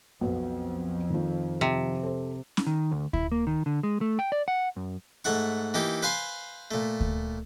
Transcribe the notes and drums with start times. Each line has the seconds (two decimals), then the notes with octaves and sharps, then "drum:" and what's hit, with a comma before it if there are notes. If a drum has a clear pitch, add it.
0.21 B1 F2 B3
1.10 D#3 F3
1.61 C3
2.03 A4 C5
2.57 drum: snare C#4
2.67 D#3
2.92 D2
3.13 E4, drum: kick D2
3.32 A#3
3.47 D#3
3.66 D3
3.83 G#3
4.01 A3
4.19 G5
4.32 D5
4.48 F#5
4.76 F#2
5.24 G#2 A3 F#5 C#6
5.74 E3 A#3 D#4 G4
6.03 B4 C5 F5 G#5 B5 C6
6.71 A#2 A3
7.00 drum: kick D2